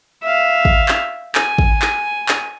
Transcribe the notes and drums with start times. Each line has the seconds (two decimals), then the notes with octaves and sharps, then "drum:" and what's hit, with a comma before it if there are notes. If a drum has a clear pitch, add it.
0.23 E5 F5
0.65 drum: kick
0.88 drum: clap
1.35 G#5, drum: clap
1.58 drum: kick
1.82 drum: clap
2.29 drum: clap